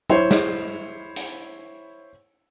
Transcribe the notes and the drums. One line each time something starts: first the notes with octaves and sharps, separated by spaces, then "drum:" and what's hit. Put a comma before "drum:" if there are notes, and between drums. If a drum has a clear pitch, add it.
E4 C5 C#5, drum: tom F#3
drum: snare
drum: hi-hat